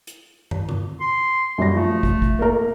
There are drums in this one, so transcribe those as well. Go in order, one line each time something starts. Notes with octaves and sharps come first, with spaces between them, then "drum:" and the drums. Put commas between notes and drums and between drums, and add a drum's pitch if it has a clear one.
drum: hi-hat
drum: tom
drum: tom D3
C6
F#2 G3 A#6
F3 A3
drum: kick
drum: kick
A#3 A#4